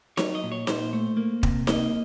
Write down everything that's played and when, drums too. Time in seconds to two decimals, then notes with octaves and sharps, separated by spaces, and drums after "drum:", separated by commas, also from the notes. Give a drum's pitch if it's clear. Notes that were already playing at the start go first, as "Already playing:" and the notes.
0.17 F#3 C#5, drum: snare D#4
0.35 D#5
0.43 A#2
0.52 C#5
0.67 A#2 C5, drum: snare D#4
0.93 A3
1.17 A#3
1.43 C3, drum: kick
1.67 A#3 D#5, drum: snare D#4